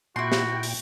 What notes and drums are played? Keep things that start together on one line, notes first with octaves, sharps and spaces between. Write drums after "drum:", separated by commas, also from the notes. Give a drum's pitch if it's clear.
A#2 E4 F#4 G5 C6
drum: snare
drum: open hi-hat